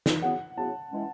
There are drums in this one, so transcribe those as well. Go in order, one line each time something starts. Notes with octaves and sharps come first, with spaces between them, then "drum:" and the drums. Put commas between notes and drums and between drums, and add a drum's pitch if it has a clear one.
drum: snare
C#3 F#3 B3 E4 F#5
C#3 F#3 B3 E4 A5
E3 G#3 C#4